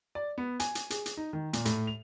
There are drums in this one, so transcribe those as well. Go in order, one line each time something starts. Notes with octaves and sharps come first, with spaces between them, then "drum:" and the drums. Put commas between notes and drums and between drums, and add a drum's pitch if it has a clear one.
D5
B3
G#5, drum: hi-hat
drum: hi-hat
G#4, drum: hi-hat
drum: hi-hat
D#4
D#3
A#2, drum: hi-hat
A2, drum: hi-hat
F7